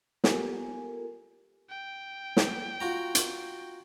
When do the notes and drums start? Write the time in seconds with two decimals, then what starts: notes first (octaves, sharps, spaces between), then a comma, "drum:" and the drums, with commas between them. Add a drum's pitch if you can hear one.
0.24 B3 F4 G4 A4 A#4 G#5, drum: snare
1.69 G5
2.37 drum: snare
2.80 F4 F#4 A#5
3.15 drum: hi-hat